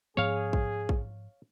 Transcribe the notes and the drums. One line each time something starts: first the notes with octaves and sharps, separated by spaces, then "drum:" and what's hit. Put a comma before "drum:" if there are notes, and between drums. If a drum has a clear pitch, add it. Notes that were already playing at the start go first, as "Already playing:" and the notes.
G#2 F3 B3 G#4 C#5 F5
drum: kick A1
drum: kick A1